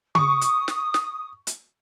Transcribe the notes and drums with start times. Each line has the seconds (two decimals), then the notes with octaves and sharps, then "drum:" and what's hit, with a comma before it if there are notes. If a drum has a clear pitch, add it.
0.15 C#6 D#6, drum: tom C#3
0.41 drum: hi-hat
0.68 drum: snare
0.94 drum: snare
1.47 drum: hi-hat